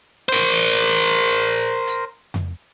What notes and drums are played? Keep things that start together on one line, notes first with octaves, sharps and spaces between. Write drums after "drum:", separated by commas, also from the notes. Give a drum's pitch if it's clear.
A#4 C5
drum: hi-hat
drum: hi-hat
drum: tom F2